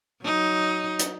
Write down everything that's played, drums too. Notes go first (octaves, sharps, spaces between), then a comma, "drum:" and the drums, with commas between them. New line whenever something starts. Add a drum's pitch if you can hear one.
F#3 D#4
drum: hi-hat